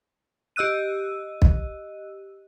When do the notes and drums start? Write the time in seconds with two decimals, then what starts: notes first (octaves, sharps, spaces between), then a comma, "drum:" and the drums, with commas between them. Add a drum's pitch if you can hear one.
0.56 G4 D#5 E6 F#6 D#7
1.42 drum: kick